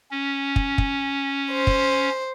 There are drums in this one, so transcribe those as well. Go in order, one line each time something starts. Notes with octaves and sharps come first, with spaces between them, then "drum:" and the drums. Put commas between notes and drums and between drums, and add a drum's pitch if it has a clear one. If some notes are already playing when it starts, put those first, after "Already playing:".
C#4
drum: kick
drum: kick
C5
drum: kick